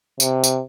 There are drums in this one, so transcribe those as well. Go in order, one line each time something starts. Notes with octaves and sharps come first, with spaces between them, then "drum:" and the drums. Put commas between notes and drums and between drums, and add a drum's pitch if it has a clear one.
C3, drum: tambourine
drum: tambourine